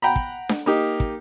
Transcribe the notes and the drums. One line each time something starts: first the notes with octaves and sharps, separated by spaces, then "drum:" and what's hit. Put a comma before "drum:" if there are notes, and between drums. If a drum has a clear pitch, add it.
F#5 G5 A#5 B5
drum: kick
drum: snare D4
A#3 D#4 G4
drum: kick